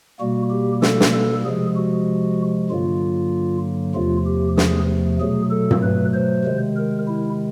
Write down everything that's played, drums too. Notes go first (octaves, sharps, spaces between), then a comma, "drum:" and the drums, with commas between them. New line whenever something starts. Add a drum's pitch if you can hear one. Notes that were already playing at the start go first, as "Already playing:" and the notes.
B2 G3 A#3 F#4
G4
A4, drum: snare
drum: snare
A4
C3 F3 G#3 G#4
F#4
G2 D3 F#3 A#3 F4
E2 C3 F3 A3 F4
G4
G#4, drum: snare
B2 F#3 A3 G#4
A4
drum: tom
B4
C5
C3 D#3 G#3
A#4
E4